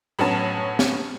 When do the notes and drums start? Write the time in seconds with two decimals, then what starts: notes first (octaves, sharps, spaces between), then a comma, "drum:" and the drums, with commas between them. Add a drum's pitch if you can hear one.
0.19 A2 F#3 B3 C#4 A5
0.79 drum: snare